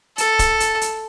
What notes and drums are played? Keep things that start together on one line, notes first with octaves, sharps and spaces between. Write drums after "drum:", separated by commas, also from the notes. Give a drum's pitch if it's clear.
A4, drum: hi-hat
drum: kick, hi-hat
drum: hi-hat
drum: hi-hat